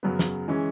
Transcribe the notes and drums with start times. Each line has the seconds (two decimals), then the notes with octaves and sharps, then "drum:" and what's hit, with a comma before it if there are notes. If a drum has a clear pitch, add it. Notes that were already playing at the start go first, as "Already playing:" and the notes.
0.03 F#2 C#3 F#3 B3
0.19 drum: snare
0.48 E3 G#3 C#4